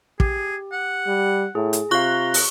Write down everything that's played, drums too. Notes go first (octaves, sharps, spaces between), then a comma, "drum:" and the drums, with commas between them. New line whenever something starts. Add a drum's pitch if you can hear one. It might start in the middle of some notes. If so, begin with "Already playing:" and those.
G4 G#4, drum: kick
F#5
G3
A2 G#4
drum: hi-hat
C3 F4 F5 A#5 C#6 F#6 G7
drum: open hi-hat